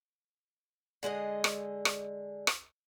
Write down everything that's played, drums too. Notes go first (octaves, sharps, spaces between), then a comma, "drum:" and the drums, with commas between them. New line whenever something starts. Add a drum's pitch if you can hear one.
D3 G#3 G#4 D#5
drum: rim click
drum: rim click
drum: rim click